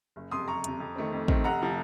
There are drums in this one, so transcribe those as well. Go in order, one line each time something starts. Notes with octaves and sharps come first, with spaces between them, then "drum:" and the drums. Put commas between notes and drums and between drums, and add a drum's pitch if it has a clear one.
F#1
F2 C3 C6 D#6
F#1 A#5 C#6
F2 C3, drum: hi-hat
F2
D#3 A3 C4
F2
D#3 A3 C4, drum: kick
F1 F#5 A#5
C3 F3